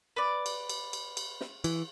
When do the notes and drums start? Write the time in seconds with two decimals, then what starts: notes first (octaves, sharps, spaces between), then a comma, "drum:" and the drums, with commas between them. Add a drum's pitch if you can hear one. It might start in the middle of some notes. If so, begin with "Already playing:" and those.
0.16 B4 D5
0.46 drum: cymbal
0.69 drum: cymbal
0.93 drum: cymbal
1.17 drum: cymbal
1.41 drum: snare
1.64 E3, drum: cymbal